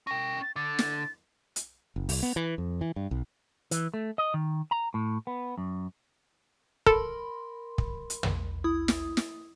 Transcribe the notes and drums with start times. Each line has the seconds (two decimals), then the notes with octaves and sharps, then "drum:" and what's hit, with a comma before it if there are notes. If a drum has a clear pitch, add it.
0.07 C#4 G5 A#6
0.42 A6
0.56 D3 A6
0.79 drum: snare
1.56 drum: hi-hat
1.96 F#1
2.09 C2, drum: open hi-hat
2.23 B3
2.36 E3
2.58 F2
2.81 E3
2.96 G2
3.11 B1
3.71 E3, drum: hi-hat
3.94 A3
4.18 D#5
4.34 D#3
4.71 A#5
4.94 A2
5.27 B3
5.58 F#2
6.86 A4 A#4 B5 C6, drum: kick
7.78 drum: kick
8.10 drum: hi-hat
8.23 drum: tom
8.64 E4 D#6
8.88 drum: snare
9.17 drum: snare